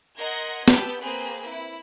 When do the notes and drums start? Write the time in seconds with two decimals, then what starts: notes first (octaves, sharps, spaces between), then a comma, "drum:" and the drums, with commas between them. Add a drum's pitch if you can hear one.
0.18 A#4 D#5 F#5 C6 G#6 A#6
0.68 B3 G4 B4 A5 E6 G6, drum: snare
1.00 A#3 C4 G#4 B4
1.47 E4